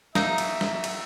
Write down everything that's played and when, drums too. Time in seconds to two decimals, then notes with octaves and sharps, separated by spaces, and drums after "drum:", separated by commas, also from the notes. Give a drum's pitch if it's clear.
0.15 A#3 D#4 E5, drum: snare
0.38 drum: cymbal
0.61 drum: snare
0.84 drum: cymbal